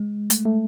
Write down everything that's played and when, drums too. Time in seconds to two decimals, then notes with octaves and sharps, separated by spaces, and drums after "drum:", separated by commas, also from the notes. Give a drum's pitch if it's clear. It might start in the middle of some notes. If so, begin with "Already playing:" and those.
Already playing: G#3
0.30 A3, drum: hi-hat
0.45 A3